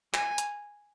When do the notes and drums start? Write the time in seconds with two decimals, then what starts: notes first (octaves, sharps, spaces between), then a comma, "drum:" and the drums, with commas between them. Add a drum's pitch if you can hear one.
0.14 G#5, drum: clap
0.38 drum: hi-hat